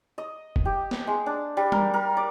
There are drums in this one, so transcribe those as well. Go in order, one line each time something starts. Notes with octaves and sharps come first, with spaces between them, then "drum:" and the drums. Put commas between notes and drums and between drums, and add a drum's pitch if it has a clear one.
D#5
drum: kick
G4
drum: snare
G#3
D4
G3
A#4, drum: tom G3
A#4
D5